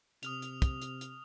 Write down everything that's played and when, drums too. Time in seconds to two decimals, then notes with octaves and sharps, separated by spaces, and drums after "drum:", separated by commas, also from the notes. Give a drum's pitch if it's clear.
0.23 C3 D#6 F6 F7, drum: hi-hat
0.42 drum: hi-hat
0.62 drum: kick, hi-hat
0.82 drum: hi-hat
1.01 drum: hi-hat